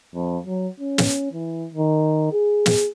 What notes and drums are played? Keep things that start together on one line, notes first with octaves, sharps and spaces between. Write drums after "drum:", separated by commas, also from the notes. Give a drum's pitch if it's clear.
F2
F#3
C#4
drum: snare
E3
D#3
G#4
drum: snare